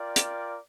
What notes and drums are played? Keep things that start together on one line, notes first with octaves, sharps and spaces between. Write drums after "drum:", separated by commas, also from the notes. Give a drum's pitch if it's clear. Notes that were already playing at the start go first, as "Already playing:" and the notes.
Already playing: F4 A#4 D5 G5
drum: hi-hat